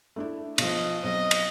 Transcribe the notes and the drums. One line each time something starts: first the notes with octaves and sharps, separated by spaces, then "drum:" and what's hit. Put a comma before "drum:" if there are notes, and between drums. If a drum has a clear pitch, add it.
A3 D4 E4
B1 F3 D#5, drum: cymbal
B1 F#3 C4 D#5
drum: cymbal